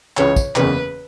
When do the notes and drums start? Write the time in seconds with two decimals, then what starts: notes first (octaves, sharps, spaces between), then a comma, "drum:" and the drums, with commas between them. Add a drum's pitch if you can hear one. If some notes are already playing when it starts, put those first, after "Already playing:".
0.17 C#2 C#3 E3 C#5, drum: clap
0.36 drum: kick, tambourine
0.56 F#1 E2 C#3 E3 B4, drum: clap